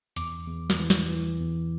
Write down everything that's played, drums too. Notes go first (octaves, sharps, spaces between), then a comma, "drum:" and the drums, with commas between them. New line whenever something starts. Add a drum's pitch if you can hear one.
E2 D6, drum: hi-hat
E2
drum: snare
E3
drum: snare
E3
E2